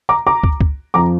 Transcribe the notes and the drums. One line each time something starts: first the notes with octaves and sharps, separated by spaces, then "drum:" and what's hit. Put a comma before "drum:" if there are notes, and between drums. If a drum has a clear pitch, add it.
A#5 D6
A#5 D6
drum: kick
drum: kick
F2 F3 A#5 D6